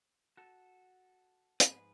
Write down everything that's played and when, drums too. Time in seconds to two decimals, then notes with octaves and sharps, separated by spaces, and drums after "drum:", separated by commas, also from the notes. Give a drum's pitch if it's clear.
0.37 F#4 A4
1.60 G#2 F3 G#4 B4, drum: hi-hat